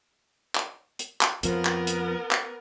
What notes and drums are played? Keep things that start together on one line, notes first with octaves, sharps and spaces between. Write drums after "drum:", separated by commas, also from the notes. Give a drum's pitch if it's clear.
drum: clap
drum: hi-hat
drum: clap
F2 F3 B3 A#4, drum: hi-hat
drum: clap
drum: hi-hat
drum: clap